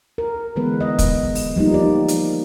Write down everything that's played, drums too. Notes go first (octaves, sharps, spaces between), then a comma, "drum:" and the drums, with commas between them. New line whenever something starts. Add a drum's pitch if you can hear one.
A#4
D3 E3 G#3 B3 B4
D#5
drum: kick, hi-hat
drum: open hi-hat
F3 G3 A#3 D#4
G4 D5
drum: hi-hat